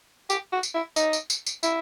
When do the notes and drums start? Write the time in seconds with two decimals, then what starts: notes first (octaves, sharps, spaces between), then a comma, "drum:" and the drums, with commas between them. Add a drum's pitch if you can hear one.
0.30 G4, drum: tambourine
0.52 F#4
0.63 drum: tambourine
0.74 E4
0.96 D#4, drum: tambourine
1.13 drum: tambourine
1.30 drum: tambourine
1.46 drum: tambourine
1.63 E4, drum: tambourine